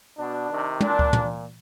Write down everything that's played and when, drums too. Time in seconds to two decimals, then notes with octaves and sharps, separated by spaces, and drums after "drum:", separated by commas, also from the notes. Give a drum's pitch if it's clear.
0.17 B2 D4
0.49 C3 D#3
0.81 A#2 D4, drum: tom
0.99 drum: kick C#2
1.13 A#2, drum: tom